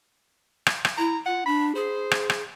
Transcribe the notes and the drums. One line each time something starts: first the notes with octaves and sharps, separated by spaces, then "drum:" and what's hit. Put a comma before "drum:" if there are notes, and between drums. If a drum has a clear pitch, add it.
drum: rim click
drum: rim click
E4 A#5
F4 F#5
D4 B5
G#4 C5
drum: rim click
drum: rim click